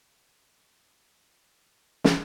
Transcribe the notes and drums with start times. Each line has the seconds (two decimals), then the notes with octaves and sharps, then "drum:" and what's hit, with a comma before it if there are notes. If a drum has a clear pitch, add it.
0.13 G5
1.41 C#2 F#2 C3 D#4 G#4 A#4 B4
2.04 drum: snare